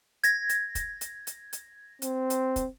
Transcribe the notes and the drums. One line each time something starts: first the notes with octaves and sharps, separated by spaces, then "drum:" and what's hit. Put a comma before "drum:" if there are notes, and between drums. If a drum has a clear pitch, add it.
G#6 A#6, drum: hi-hat
drum: hi-hat
drum: kick, hi-hat
drum: hi-hat
drum: hi-hat
drum: hi-hat
C4, drum: hi-hat
drum: hi-hat
drum: kick, hi-hat